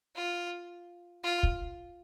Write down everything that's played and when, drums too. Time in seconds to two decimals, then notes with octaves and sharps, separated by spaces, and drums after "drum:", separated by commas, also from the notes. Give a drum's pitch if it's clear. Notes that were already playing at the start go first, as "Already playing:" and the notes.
0.16 F4
1.24 F4
1.43 drum: kick